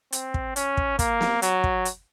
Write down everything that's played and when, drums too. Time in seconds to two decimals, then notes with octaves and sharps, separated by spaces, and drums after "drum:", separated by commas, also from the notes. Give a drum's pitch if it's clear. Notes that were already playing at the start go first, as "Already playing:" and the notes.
0.12 C4, drum: hi-hat
0.34 drum: kick
0.56 C#4, drum: hi-hat
0.77 drum: kick
0.99 A#3, drum: kick, hi-hat
1.21 drum: snare
1.42 F#3, drum: hi-hat
1.64 drum: kick
1.85 drum: hi-hat